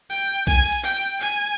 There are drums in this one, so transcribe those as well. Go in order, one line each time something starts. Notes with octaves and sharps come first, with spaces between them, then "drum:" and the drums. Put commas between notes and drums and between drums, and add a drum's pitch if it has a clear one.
G5
G#5, drum: kick B1, cymbal
drum: cymbal
G5
drum: cymbal
G#5, drum: cymbal